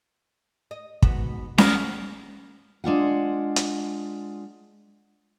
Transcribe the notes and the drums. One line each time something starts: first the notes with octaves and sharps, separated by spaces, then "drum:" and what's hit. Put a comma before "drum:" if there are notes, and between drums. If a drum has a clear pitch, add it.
D#5
G#2 B3 F#4, drum: kick
G3 B3 A#4, drum: snare C#4
G#3 D4 F4 F#5
drum: hi-hat